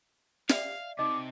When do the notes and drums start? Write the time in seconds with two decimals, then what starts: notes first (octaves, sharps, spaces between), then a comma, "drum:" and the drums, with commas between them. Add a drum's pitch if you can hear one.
0.49 D5 E5 F5, drum: snare
0.99 C3 D#4 D#5 D6